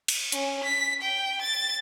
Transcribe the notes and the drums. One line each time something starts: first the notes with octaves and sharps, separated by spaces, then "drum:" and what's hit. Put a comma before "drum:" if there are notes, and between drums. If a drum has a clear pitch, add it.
drum: cymbal
C#4, drum: hi-hat
B6
G5
A6